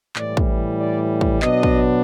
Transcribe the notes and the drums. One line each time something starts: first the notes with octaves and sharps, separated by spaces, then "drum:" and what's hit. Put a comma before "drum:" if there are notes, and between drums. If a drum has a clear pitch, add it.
A2 E3 G3 D5, drum: clap
drum: kick
D5
drum: kick
B2 F#3 B3 D4 D#5, drum: clap
drum: kick